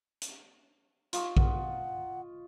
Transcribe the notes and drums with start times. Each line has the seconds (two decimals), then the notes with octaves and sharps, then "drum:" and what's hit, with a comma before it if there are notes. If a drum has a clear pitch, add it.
0.22 drum: hi-hat
1.13 F4 D#5 C#6, drum: hi-hat
1.37 F#5, drum: kick A#1